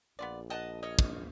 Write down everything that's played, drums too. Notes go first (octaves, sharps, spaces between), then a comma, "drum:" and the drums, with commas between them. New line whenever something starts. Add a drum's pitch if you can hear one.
A#1 B3 F4 D5
D#5 F#5 G5 A5
C#5 D#5 F6
drum: kick